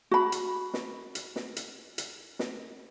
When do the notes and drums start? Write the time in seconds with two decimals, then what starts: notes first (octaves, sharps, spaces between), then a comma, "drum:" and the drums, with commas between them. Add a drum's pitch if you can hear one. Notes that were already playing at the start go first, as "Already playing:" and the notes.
0.11 F#4 B5
0.32 drum: hi-hat
0.74 drum: snare
1.15 drum: hi-hat
1.36 drum: snare
1.56 drum: hi-hat
1.98 drum: hi-hat
2.39 drum: snare